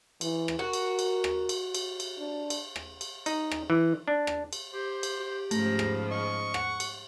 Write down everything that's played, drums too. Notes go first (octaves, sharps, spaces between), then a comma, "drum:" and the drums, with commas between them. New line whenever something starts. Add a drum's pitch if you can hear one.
E3, drum: cymbal
drum: rim click
F#4 A#4
drum: cymbal
drum: cymbal
drum: rim click
drum: cymbal
drum: cymbal
drum: cymbal
D4
drum: cymbal
drum: rim click
drum: cymbal
D#4, drum: cymbal
drum: rim click
E3
D4
drum: rim click
drum: cymbal
G4 C5
drum: cymbal
G4
G#2 C#3 F3 A3 A#5, drum: cymbal
drum: rim click
D#5 C#6
F#5, drum: rim click
drum: cymbal